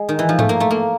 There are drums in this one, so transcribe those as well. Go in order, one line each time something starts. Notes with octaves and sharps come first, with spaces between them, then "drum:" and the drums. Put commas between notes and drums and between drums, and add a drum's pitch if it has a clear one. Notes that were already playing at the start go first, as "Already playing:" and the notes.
Already playing: G#3
D#3
E3
F3
A3, drum: tom G#2
A#3
A3
A#3